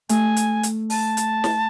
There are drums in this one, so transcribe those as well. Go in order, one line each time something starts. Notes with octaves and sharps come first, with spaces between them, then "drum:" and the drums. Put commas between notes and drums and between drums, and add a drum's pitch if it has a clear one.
A3 G#5, drum: hi-hat
drum: hi-hat
drum: hi-hat
A5, drum: open hi-hat
drum: hi-hat
drum: snare